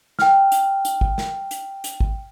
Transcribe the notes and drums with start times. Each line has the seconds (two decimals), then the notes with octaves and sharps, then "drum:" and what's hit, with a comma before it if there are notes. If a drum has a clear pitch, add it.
0.19 G5 F6, drum: snare
0.52 drum: hi-hat
0.85 drum: hi-hat
1.01 drum: kick G#1
1.18 drum: snare
1.51 drum: hi-hat
1.84 drum: hi-hat
2.00 drum: kick G#1